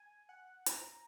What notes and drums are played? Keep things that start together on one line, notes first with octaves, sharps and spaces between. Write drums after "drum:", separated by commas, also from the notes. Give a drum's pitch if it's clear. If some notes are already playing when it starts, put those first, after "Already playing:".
Already playing: G#5
F#5
A#5, drum: hi-hat